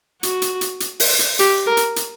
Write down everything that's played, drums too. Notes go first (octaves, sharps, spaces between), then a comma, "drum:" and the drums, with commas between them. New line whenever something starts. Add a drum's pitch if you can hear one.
F#4, drum: hi-hat
drum: hi-hat
drum: hi-hat
drum: hi-hat
drum: open hi-hat
drum: hi-hat
G4, drum: hi-hat
A#4
drum: hi-hat
drum: hi-hat